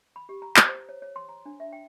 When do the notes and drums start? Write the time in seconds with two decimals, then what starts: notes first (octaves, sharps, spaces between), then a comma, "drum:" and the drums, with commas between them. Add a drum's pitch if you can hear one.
0.16 B5
0.29 G4
0.42 A#5
0.57 C5, drum: clap
0.68 C5
0.89 C#5
1.02 C#5
1.16 C6
1.29 A#5
1.46 D4
1.60 E5
1.73 G5